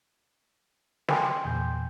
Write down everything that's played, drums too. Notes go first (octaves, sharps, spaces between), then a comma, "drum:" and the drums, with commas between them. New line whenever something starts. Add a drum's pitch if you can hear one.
G5 G#5 C6, drum: snare
E2 A#2 G6